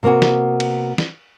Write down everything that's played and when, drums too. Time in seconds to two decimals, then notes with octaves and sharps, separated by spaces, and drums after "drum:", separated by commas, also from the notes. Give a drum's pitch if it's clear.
0.03 C3 A#3 B3 F#4 G#5
0.22 drum: snare
0.60 drum: cymbal
0.98 drum: snare